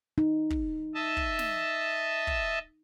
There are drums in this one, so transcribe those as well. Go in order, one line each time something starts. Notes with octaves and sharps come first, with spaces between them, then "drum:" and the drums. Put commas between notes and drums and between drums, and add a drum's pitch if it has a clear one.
D#4
drum: kick
D#5 E5 A5
drum: kick
drum: snare
drum: kick